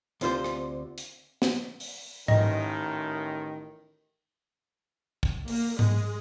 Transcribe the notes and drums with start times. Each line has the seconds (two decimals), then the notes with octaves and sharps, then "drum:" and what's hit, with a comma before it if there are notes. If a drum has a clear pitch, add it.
0.21 D2 C3 F4 A4 C5, drum: hi-hat
0.44 drum: rim click
0.98 drum: hi-hat
1.42 drum: snare
1.80 drum: open hi-hat
2.28 A1 D#3 D#5, drum: tom G#2
5.23 drum: kick
5.48 A#3, drum: open hi-hat
5.79 G#3, drum: tom G#2